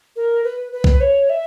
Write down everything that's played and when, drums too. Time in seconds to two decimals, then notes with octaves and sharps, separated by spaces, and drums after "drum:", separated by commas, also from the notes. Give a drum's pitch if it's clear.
0.16 A#4
0.44 B4
0.72 B4
0.84 drum: kick B1
1.01 C#5
1.29 E5